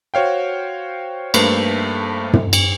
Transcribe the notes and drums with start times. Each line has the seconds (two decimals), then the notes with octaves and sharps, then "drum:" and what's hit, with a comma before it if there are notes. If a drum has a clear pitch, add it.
0.14 F#4 C5 C#5 F5 G5
1.34 G2 A3 A#3 B4 C5 C7, drum: cymbal
2.33 drum: tom
2.53 drum: cymbal